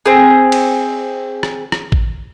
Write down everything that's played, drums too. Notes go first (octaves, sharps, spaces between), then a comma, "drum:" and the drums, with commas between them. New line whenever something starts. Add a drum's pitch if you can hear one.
C4 G#4
drum: cymbal
drum: rim click
drum: rim click
drum: kick A1